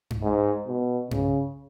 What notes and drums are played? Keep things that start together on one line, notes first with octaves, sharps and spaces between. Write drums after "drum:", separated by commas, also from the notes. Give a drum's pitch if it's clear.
drum: tom G2
G#2
B2
C#3, drum: tom G2